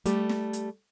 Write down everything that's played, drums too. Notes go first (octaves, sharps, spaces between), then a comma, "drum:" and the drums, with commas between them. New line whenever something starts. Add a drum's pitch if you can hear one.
G3 A3 G4, drum: hi-hat
drum: snare
drum: hi-hat